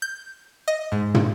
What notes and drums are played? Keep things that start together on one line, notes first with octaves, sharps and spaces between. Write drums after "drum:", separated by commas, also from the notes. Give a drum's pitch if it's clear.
G6
D#5
G#2
drum: tom